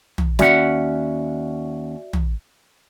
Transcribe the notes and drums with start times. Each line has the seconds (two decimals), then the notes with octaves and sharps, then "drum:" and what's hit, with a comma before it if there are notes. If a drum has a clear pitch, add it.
0.18 drum: tom
0.39 D#2 C#4 F#4 D5 E5 F#5, drum: snare
2.13 drum: tom